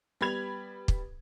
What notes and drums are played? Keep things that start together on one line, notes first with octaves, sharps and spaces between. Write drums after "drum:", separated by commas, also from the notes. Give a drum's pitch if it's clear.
G3 B3 B5 G#6 F7
drum: kick